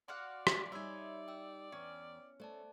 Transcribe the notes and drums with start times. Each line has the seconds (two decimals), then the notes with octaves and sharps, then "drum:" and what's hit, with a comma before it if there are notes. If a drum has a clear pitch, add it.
0.08 F#4 D5 F5 F#5 C6 D6 F6
0.47 drum: rim click
0.72 G3 D#4 C#5 E5 G#5 B5 C6
1.28 G5 E6
1.72 E2 C#4
2.40 A3 C5 D5 A5